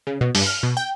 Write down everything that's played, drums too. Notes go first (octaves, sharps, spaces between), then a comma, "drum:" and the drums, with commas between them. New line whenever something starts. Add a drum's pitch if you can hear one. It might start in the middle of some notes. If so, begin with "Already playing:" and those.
C#3
B2
G2, drum: open hi-hat
F6
B2
G5